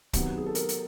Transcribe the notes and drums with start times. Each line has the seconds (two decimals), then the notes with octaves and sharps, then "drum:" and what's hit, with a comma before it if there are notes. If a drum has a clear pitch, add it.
0.13 C3 D#3 F#3 B3, drum: kick, hi-hat
0.38 G#4
0.46 A4
0.55 A#4, drum: hi-hat
0.69 drum: hi-hat